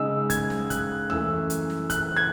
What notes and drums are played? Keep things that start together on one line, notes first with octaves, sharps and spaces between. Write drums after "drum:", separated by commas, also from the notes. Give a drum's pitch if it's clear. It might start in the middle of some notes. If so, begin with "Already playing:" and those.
Already playing: C#3 G#3 D#4 E6
G#6, drum: kick, hi-hat
drum: snare
F#6, drum: kick, hi-hat
F#2 E3 A3 E6, drum: tom D2
drum: hi-hat
drum: snare
F#6, drum: kick, hi-hat
G#6